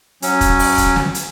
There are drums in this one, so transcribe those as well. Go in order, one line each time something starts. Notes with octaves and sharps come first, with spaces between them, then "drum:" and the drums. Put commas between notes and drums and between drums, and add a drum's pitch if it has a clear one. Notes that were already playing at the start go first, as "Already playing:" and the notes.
F#3 C#4, drum: hi-hat
drum: kick, hi-hat
drum: open hi-hat
drum: kick, hi-hat
drum: snare
drum: hi-hat